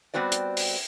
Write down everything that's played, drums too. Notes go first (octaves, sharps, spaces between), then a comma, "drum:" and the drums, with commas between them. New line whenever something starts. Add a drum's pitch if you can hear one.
G3 B3 C4 F#4 D5
drum: hi-hat
drum: open hi-hat